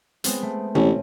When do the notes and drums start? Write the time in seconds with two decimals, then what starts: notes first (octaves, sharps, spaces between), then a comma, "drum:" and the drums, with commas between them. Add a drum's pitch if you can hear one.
0.24 G#3 B3 C4, drum: hi-hat
0.42 A3
0.75 A1 C4 C#4, drum: tom